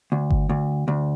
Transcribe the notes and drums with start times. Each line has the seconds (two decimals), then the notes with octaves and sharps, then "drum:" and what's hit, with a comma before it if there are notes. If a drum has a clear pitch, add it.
0.12 D2
0.30 drum: kick G1
0.49 D2
0.88 D2